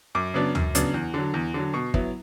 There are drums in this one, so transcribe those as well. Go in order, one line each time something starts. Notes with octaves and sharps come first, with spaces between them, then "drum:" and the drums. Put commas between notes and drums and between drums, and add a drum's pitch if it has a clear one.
F#2 D6
C#3 F#3 B3 D4
F#2, drum: tom
C#3 F#3 B3 D4, drum: hi-hat
E2
D3 F#3
E2
D3 F#3
B2 C#6
F#3 B3 E4, drum: kick